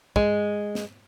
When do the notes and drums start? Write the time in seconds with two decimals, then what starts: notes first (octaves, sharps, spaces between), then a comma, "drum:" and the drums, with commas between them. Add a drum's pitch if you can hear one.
0.16 G#3, drum: kick
0.75 drum: snare